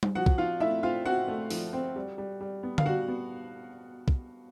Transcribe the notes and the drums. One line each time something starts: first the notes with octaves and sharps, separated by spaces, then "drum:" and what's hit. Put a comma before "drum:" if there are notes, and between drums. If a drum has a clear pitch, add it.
drum: tom G3
F3 F#4 F#5
drum: kick
F3 F4 F5
A3 E4 E5
C4 F4 F5
C4 F#4 F#5
A3
F3, drum: open hi-hat
C4
G3
G3
G3
B3
F5, drum: tom D3
G3 F#4 F#5
B3
drum: kick